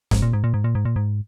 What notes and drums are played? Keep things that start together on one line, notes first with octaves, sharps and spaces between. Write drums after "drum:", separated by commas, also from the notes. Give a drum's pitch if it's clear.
G#2, drum: snare
A#2
G#2
A#2
G#2
A#2
G#2
A#2
G#2